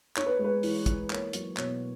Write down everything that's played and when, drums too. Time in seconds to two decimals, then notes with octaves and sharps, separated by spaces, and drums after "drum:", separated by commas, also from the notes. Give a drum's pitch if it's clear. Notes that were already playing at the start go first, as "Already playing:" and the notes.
0.17 D#4 C#5, drum: clap
0.26 B4
0.39 G#3
0.44 B4
0.63 E3, drum: open hi-hat
0.86 E3, drum: kick, hi-hat
1.10 A#3 C#5, drum: clap
1.33 F#3, drum: hi-hat
1.57 B2 C#5, drum: clap